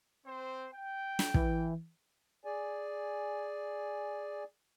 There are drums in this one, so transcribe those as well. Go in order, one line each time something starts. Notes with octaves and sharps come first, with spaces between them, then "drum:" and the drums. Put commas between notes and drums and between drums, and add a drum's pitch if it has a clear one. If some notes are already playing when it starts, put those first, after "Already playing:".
C4 C5
G5
drum: snare
E3, drum: kick
G#4 D5 G#5